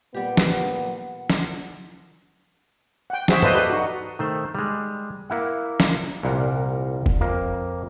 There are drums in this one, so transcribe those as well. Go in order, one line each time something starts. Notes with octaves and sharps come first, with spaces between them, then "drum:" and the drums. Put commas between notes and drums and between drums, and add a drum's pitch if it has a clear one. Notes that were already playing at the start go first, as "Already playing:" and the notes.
A#2 G3 B3 G4 F#5
drum: snare
drum: snare
F#5 G5
F#4 G#4 C5 E5, drum: snare
A4 B4 C5 D5 D#5 F5, drum: tom G2
G4 A4 B4
D#4 F#4
D#3 A3 C5
G3 G#3
A#3 E4 F#5
drum: snare
C2 A#2 G3 A#4 F#5 A#5
drum: kick
F2 A#3